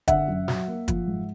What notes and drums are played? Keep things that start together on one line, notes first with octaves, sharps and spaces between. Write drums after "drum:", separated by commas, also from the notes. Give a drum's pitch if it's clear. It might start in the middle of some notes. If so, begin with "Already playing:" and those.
D3 E5 F#5, drum: kick, hi-hat
F#2
F#3, drum: snare
A#3
F3, drum: kick, hi-hat
G#2